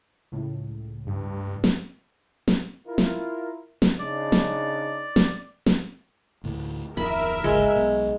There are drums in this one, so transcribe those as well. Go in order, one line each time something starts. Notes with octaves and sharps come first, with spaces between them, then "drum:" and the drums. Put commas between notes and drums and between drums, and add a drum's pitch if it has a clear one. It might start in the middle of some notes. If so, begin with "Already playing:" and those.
C#2 A2
G2
drum: snare
drum: snare
E4 F4 A#4
drum: snare
drum: snare
C#3 D4 D#4 D5
drum: snare
drum: snare
drum: snare
D2 A2 E3
D1 F2 D#3 A#4 E5 B5
D1 G#1 C#2 G#3
B1 B2